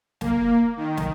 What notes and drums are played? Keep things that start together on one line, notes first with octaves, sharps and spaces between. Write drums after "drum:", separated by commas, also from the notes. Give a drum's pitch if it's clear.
A#3, drum: snare
D#3
drum: snare